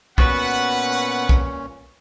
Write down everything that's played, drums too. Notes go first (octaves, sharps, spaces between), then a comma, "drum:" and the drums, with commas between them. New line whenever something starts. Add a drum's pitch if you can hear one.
A#2 B3 C#4 F#4 B4 F#5, drum: kick B1
drum: kick B1